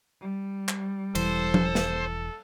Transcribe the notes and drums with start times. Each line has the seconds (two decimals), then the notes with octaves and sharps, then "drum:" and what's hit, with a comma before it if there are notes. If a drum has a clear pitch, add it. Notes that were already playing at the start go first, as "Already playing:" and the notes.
0.20 G3
0.68 drum: clap
1.15 E1 E3 A4 C5, drum: cymbal
1.54 drum: tom F3
1.75 drum: snare